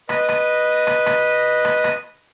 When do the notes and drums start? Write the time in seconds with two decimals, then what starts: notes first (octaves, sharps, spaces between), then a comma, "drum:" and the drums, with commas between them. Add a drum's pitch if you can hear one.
0.09 B4 D#5, drum: rim click
0.29 drum: rim click
0.87 drum: rim click
1.06 drum: rim click
1.65 drum: rim click
1.84 drum: rim click